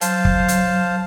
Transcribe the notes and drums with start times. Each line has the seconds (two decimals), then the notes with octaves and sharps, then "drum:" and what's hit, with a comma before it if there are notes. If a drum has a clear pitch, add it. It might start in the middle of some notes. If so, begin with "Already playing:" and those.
0.01 F#3 C5 F5 A5, drum: hi-hat
0.25 drum: kick
0.48 drum: hi-hat